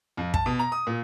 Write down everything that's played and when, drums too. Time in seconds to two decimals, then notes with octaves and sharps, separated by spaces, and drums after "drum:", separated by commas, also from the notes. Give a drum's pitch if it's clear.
0.17 F2
0.34 A5, drum: kick
0.46 B2
0.59 A#5
0.72 D#6
0.87 A#2